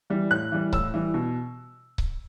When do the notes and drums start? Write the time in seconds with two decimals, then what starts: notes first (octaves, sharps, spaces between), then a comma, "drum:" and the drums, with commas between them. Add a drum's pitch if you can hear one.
0.10 E3 G3
0.31 A2 F#6
0.52 E3 G3
0.73 A2 E6, drum: kick C#1
0.94 E3 G3
1.14 B2
1.98 drum: kick C#1